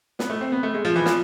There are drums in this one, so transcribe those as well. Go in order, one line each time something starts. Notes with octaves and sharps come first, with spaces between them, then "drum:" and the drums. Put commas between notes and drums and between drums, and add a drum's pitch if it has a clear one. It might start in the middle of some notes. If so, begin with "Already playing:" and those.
B3, drum: snare
A3
C4
B3
A3
G#3
F3
E3
F3, drum: snare